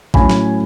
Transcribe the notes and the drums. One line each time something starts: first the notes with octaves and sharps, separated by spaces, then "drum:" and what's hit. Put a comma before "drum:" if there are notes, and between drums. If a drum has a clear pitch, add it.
A2 F#3 A3 C#4 E4 G#5 B5, drum: kick A1
drum: snare